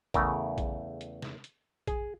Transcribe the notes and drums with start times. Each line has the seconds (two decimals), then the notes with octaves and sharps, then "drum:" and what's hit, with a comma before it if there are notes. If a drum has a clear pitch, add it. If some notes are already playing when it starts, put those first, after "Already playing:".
0.14 E2 C#3 E3 A3 A#4, drum: kick A#1, hi-hat
0.58 drum: kick A#1, hi-hat
1.01 drum: hi-hat
1.22 drum: snare
1.44 drum: hi-hat
1.87 G#4, drum: kick A#1, hi-hat